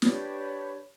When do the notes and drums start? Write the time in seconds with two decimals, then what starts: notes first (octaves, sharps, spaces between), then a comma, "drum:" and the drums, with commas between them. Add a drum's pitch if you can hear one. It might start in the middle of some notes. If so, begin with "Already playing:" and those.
0.02 D4 G4 B4 C#5, drum: snare